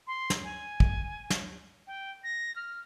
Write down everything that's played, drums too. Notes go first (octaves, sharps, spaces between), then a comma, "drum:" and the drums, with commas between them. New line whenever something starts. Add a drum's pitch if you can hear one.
C6
drum: snare
G#5
drum: kick
drum: snare
G5
A#6
F6